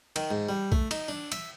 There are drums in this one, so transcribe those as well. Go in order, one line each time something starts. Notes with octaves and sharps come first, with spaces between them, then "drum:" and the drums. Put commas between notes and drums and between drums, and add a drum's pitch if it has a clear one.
D#3, drum: cymbal
G#2
G3
A3, drum: kick
D#4, drum: cymbal
D4
E5, drum: cymbal